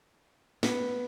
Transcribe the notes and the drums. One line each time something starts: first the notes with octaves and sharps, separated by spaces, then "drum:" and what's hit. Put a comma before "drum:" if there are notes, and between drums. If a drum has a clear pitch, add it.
B3, drum: snare